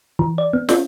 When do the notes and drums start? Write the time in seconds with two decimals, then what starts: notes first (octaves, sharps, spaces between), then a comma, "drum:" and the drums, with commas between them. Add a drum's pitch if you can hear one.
0.19 E3
0.38 D5
0.53 B3
0.69 C#4, drum: snare